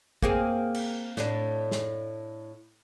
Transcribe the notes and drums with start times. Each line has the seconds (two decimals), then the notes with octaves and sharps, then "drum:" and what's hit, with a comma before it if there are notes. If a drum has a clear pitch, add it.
0.23 A#3 C4 G#4, drum: kick
0.74 drum: cymbal
1.17 A2 D4, drum: snare
1.72 drum: snare